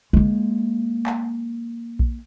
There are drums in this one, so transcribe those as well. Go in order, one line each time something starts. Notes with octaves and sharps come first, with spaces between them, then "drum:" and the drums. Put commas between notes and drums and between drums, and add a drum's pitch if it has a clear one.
G#3 A#3, drum: kick A#1
drum: clap
drum: kick A#1